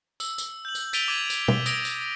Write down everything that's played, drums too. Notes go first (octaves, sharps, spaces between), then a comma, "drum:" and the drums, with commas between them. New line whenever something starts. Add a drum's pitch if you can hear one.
E6, drum: tambourine
drum: tambourine
G6 F#7
drum: tambourine
A6 B6 D7 D#7 F7 G7, drum: tambourine
D6 G#6 D#7 F7
drum: tambourine
drum: tom
D#6 G#6 A#6 D7, drum: tambourine
drum: tambourine